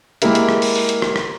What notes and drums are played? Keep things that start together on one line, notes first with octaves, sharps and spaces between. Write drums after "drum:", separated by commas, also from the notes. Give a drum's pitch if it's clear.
G#3 A#3 E4 G4 A#4 E5, drum: hi-hat
drum: hi-hat
drum: rim click
drum: open hi-hat
drum: open hi-hat
drum: hi-hat
drum: rim click
drum: rim click